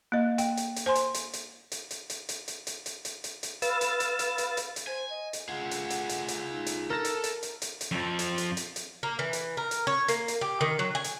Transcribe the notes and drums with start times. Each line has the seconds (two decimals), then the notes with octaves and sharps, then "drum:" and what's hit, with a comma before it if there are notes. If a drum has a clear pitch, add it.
0.12 A#3 D#5
0.38 G5, drum: hi-hat
0.57 drum: hi-hat
0.76 drum: hi-hat
0.86 C5 G#5 C6
0.95 drum: hi-hat
1.14 drum: hi-hat
1.33 drum: hi-hat
1.72 drum: hi-hat
1.91 drum: hi-hat
2.10 drum: hi-hat
2.29 drum: hi-hat
2.48 drum: hi-hat
2.67 drum: hi-hat
2.86 drum: hi-hat
3.05 drum: hi-hat
3.24 drum: hi-hat
3.43 drum: hi-hat
3.62 B4 F5 E6 A6, drum: hi-hat
3.81 drum: hi-hat
4.00 drum: hi-hat
4.19 drum: hi-hat
4.38 drum: hi-hat
4.57 drum: hi-hat
4.76 drum: hi-hat
4.87 C5 G#5
5.10 D#5
5.33 drum: hi-hat
5.49 F4 G#4 F#5
5.71 drum: hi-hat
5.90 drum: hi-hat
6.09 drum: hi-hat
6.28 drum: hi-hat
6.51 D#4
6.66 drum: hi-hat
6.90 A4 A#4 A#6
7.05 drum: hi-hat
7.24 drum: hi-hat
7.43 drum: hi-hat
7.62 drum: hi-hat
7.81 drum: hi-hat
7.91 F2 F3
8.19 drum: hi-hat
8.38 drum: hi-hat
8.57 drum: hi-hat
8.76 drum: hi-hat
9.03 A#3
9.19 E3
9.33 drum: hi-hat
9.57 A#4
9.71 drum: hi-hat
9.87 C#5
10.08 A#3, drum: hi-hat
10.28 drum: hi-hat
10.41 G4
10.61 D#3
10.79 F#3
10.95 G#5
11.04 drum: hi-hat